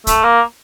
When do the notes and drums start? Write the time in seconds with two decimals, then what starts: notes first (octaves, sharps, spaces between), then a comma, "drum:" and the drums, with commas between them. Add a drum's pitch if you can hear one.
0.07 A3, drum: kick, hi-hat
0.23 A#3